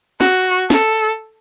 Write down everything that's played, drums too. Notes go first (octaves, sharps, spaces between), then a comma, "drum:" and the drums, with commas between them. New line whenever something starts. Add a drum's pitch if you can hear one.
F#4, drum: snare
A4, drum: snare